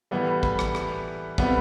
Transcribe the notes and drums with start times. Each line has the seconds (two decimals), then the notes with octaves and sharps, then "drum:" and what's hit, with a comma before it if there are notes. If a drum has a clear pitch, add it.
0.11 A2 E3 G3 A3 B3
0.43 drum: kick
0.59 drum: rim click
0.75 drum: rim click
1.38 C3 E3 G3 A3 B3 C4, drum: kick